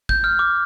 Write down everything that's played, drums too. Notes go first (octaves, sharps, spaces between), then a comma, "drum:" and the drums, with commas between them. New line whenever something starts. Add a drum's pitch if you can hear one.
G6, drum: kick
F6
D6